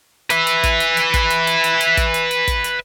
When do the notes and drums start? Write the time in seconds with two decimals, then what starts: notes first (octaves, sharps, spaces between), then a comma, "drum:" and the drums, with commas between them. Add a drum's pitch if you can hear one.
0.30 B4 E5, drum: hi-hat
0.47 drum: hi-hat
0.64 drum: kick, hi-hat
0.80 drum: hi-hat
0.97 drum: hi-hat
1.14 drum: kick, hi-hat
1.30 drum: hi-hat
1.47 drum: hi-hat
1.64 drum: hi-hat
1.81 drum: hi-hat
1.97 drum: kick, hi-hat
2.14 drum: hi-hat
2.31 drum: hi-hat
2.48 drum: kick, hi-hat
2.64 drum: hi-hat